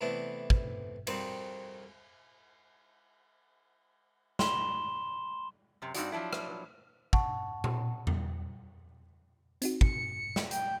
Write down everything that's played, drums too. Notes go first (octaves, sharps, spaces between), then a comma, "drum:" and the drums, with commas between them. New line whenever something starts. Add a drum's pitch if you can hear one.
C3 E3 A3 B3 D4
drum: kick
F2 D#3 G3 C4 F#4, drum: cymbal
B5 C6 E7 G7, drum: snare
F#2 C3
G2 D3 C4 D#4 F#4 D5, drum: hi-hat
F3 F#3 C#4 D4 E4
drum: rim click
F#5 A5 C#6, drum: kick
drum: tom A#2
drum: tom E2
C4 D#4 F#4, drum: hi-hat
C#7, drum: kick
drum: snare
G5, drum: hi-hat